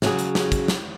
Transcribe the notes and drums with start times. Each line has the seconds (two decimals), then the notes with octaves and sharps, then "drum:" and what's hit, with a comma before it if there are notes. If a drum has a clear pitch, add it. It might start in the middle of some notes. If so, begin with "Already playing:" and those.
0.02 C#3 F#3 G#4, drum: snare
0.19 drum: hi-hat
0.35 drum: snare
0.52 drum: kick, hi-hat
0.68 drum: snare